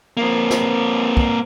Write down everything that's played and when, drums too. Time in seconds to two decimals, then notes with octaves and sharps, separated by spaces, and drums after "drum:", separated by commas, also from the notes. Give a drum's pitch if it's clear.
0.17 A#3 C4
0.50 drum: snare
1.17 drum: kick